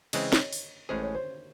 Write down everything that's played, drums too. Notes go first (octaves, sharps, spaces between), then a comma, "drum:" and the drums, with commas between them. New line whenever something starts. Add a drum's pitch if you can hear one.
C#3 E3 G#3 C4 D#5, drum: cymbal
C#5, drum: snare
drum: open hi-hat
A1 A2 G#3 C#4 G#4 C5
C#5
C5